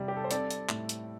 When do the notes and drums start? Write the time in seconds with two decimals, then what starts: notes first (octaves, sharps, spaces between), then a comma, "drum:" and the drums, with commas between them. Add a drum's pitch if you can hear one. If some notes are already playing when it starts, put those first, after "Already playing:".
Already playing: C3 G3
0.08 G4
0.17 A4
0.24 C5
0.31 C4 A4 D5, drum: hi-hat
0.51 drum: hi-hat
0.69 A2, drum: clap
0.89 drum: hi-hat